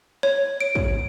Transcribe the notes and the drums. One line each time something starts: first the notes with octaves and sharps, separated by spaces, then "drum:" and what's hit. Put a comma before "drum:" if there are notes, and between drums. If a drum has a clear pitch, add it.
C#5
D7
drum: kick